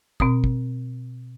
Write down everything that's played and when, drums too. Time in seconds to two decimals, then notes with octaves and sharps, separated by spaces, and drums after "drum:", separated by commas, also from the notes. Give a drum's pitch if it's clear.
0.20 B2 C4 D#6, drum: kick
0.44 drum: kick